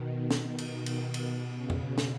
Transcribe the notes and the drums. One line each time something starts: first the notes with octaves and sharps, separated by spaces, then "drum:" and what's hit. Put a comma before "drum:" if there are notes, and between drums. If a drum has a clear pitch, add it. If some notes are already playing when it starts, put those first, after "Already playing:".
Already playing: B2 D#3
drum: snare
drum: cymbal
drum: cymbal
B2, drum: cymbal
C#3
drum: tom F2
drum: snare